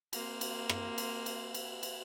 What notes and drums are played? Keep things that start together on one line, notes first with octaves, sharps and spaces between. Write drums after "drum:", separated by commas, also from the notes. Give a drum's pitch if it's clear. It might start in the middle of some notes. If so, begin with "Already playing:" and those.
A#3 C4, drum: cymbal
drum: cymbal
drum: rim click
drum: cymbal
drum: cymbal
drum: cymbal
drum: cymbal